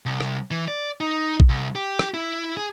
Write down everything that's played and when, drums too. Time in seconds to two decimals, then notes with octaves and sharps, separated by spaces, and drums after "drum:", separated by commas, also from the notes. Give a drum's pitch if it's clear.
0.06 C2
0.21 drum: rim click
0.51 E3
0.68 D5
1.00 D#4
1.40 drum: kick
1.49 C2
1.75 G4
1.99 drum: rim click
2.14 E4
2.57 G#4